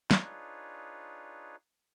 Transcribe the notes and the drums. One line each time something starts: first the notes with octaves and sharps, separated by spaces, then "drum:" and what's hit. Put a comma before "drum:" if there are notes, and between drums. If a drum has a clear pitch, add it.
D4 D#4 F4 G#4 B4 C#5, drum: snare